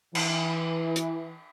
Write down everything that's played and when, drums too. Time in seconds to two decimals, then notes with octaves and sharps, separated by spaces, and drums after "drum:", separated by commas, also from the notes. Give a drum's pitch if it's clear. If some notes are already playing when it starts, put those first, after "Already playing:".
0.15 E3, drum: cymbal
0.96 drum: hi-hat